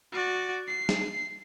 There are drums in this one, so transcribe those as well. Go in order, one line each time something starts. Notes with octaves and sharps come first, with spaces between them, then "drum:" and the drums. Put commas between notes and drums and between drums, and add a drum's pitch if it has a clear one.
F#4 D5
C7
drum: snare